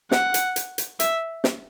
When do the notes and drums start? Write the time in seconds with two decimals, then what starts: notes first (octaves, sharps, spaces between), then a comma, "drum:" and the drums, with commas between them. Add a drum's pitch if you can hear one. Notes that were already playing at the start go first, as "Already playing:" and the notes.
0.11 F#5, drum: snare
0.34 drum: hi-hat
0.56 drum: hi-hat
0.78 drum: hi-hat
1.00 E5, drum: hi-hat
1.44 drum: snare